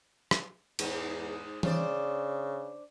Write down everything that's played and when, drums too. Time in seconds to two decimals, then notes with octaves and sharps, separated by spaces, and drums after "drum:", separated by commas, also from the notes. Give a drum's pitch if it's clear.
0.31 drum: rim click
0.79 E2 G#2 G#3 D#4, drum: cymbal
1.63 C#3 D4 C5 D5, drum: tom E3